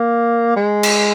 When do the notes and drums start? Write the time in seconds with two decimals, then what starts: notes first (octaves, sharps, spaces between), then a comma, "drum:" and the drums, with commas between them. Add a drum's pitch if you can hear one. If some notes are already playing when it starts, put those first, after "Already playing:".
Already playing: A#3
0.56 G#3
0.83 drum: cymbal